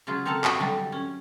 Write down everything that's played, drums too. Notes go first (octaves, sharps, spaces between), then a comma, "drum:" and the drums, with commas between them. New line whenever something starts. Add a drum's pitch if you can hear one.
C#3 F#3 F4 G#4
C4 A4 A#4 F#5 A5 A#5
F#4 G4, drum: clap
D3 F#3 G3 A3
C#4